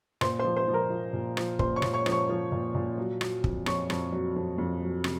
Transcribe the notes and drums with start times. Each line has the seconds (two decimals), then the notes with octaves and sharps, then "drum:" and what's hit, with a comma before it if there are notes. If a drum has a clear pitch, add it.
0.21 A#2 C5 C6, drum: rim click
0.39 C5 C6
0.44 F3
0.57 C5 C6
0.68 F3
0.73 A#4 A#5
0.90 F3
1.13 A#2
1.37 F3, drum: rim click
1.59 A#2 C5 C6, drum: kick
1.76 C#5 C#6
1.82 A#2, drum: rim click
1.94 C#5 C#6
2.06 F3, drum: rim click
2.12 C#5 C#6
2.29 F3
2.52 A#2
2.75 A#2
2.98 F#3
3.21 F#3, drum: rim click
3.44 F2, drum: kick
3.66 F2 C#5 C#6, drum: rim click
3.90 F2, drum: rim click
4.13 F#3
4.36 F2
4.58 F2
4.82 F#3
5.04 C3, drum: rim click